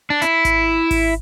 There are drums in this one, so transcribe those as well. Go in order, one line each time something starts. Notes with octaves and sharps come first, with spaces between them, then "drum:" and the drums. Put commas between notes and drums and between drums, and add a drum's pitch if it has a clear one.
D4
E4, drum: hi-hat
drum: kick G#1, hi-hat
drum: kick G#1, open hi-hat